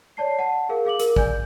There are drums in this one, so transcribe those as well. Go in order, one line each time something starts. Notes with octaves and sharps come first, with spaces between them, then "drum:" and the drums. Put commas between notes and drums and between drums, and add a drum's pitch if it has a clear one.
C#5 D5 A5 C7
F#5 A5
G#4 A#4 F5
G#4 F5 D6 F#7
A#4, drum: hi-hat
D5 G#5 G6, drum: kick